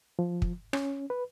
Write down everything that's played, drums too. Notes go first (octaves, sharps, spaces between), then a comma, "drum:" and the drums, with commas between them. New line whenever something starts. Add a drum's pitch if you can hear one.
F3
drum: kick
C#4, drum: rim click
B4